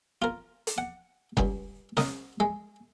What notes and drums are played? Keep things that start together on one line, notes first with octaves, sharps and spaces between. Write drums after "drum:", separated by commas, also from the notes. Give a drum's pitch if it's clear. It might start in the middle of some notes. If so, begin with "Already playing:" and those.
F4 A#4
drum: hi-hat
F#5
C#2 G2, drum: kick F#1
A#4 D#5, drum: snare
G#3